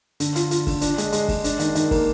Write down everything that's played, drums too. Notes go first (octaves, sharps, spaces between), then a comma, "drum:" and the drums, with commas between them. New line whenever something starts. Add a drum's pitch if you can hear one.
D3, drum: hi-hat
F4, drum: hi-hat
F4, drum: hi-hat
D3, drum: kick, open hi-hat
D4, drum: hi-hat
G#3, drum: hi-hat
G#3, drum: hi-hat
G#3, drum: kick, open hi-hat
D4, drum: hi-hat
D#3, drum: hi-hat
D#3, drum: hi-hat
A#3, drum: kick, open hi-hat